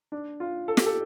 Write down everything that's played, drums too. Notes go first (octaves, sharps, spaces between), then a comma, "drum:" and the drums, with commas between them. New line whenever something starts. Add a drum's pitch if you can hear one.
D4
F4
A4
G4, drum: snare
A4